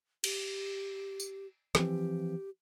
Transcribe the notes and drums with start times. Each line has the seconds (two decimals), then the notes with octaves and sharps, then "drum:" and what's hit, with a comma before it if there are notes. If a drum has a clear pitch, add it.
0.24 G4, drum: cymbal
1.20 drum: tambourine
1.75 E3 F3 C4 G4, drum: snare